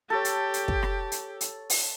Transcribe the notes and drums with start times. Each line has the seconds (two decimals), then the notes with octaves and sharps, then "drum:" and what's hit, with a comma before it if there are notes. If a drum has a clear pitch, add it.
0.10 G4 A4 C#5
0.25 drum: hi-hat
0.54 drum: hi-hat
0.68 drum: kick
0.83 drum: rim click
1.12 drum: hi-hat
1.41 drum: hi-hat
1.70 drum: open hi-hat